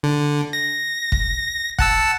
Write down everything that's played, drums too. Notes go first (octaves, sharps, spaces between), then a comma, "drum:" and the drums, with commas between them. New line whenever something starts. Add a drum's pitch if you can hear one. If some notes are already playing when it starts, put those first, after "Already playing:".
D3
A#6
drum: kick
F#5 A5 E6, drum: kick